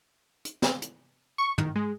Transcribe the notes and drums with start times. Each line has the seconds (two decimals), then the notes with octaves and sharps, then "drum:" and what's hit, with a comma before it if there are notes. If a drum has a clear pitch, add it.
0.45 drum: hi-hat
0.62 drum: snare
0.82 drum: hi-hat
1.38 C#6
1.58 D#3, drum: tom
1.76 G#3